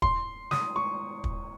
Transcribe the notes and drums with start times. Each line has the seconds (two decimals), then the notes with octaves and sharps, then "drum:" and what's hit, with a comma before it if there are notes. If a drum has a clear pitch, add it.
0.02 C6, drum: kick
0.51 D#6, drum: snare
0.76 C#6
1.24 drum: kick